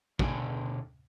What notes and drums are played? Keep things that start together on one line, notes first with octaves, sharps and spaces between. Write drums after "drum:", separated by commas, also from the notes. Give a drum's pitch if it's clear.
B2 D3 B3 D4 G5 G#5, drum: kick